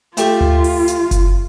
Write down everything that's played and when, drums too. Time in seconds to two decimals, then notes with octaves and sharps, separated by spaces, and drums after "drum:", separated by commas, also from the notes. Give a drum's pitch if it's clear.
0.17 A3 F4 G4 E5, drum: hi-hat
0.41 drum: tom D2
0.64 drum: open hi-hat
0.88 drum: hi-hat
1.11 drum: kick F#1, hi-hat